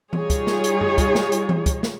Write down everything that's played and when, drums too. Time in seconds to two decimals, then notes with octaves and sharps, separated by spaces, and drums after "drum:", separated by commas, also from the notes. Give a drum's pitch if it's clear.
0.13 G3 D#4 F4 G#4 C#5, drum: tom E3
0.30 drum: kick, hi-hat
0.47 drum: snare
0.64 drum: hi-hat
0.81 drum: tom F#2
0.98 drum: kick, hi-hat
1.15 drum: snare
1.32 drum: hi-hat
1.49 drum: tom E3
1.66 drum: kick, hi-hat
1.83 drum: snare